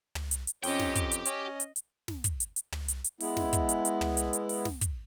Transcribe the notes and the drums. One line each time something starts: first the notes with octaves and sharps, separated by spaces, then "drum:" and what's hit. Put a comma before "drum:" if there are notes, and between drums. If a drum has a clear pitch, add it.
drum: tom
drum: hi-hat
drum: hi-hat
F2 C#4 G4 D#5 G5, drum: open hi-hat
drum: snare
drum: kick, hi-hat
drum: hi-hat
C#4 D#5, drum: hi-hat
drum: hi-hat
drum: hi-hat
drum: snare
drum: kick, hi-hat
drum: hi-hat
drum: hi-hat
drum: tom
drum: hi-hat
drum: hi-hat
G#3 B3 E4, drum: open hi-hat
drum: snare
drum: kick, hi-hat
drum: hi-hat
drum: hi-hat
drum: tom
drum: hi-hat
drum: hi-hat
drum: open hi-hat
drum: snare
drum: kick, hi-hat